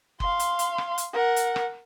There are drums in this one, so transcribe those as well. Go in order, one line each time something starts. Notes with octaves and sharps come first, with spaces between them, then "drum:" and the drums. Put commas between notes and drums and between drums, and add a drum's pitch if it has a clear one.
F5 C6, drum: kick F#1
drum: hi-hat
drum: hi-hat
drum: rim click
drum: hi-hat
A#4 F#5
drum: hi-hat
drum: rim click